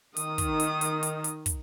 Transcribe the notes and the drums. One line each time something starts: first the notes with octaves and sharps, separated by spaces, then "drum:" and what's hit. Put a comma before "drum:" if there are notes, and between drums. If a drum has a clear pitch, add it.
D#3 D#6, drum: hi-hat
drum: kick, hi-hat
drum: hi-hat
drum: hi-hat
drum: hi-hat
drum: hi-hat
drum: kick, hi-hat